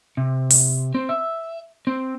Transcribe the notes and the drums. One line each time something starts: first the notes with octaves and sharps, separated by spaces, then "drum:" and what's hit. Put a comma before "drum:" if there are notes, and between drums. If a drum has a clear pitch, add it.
C3
drum: open hi-hat
C4
E5
C4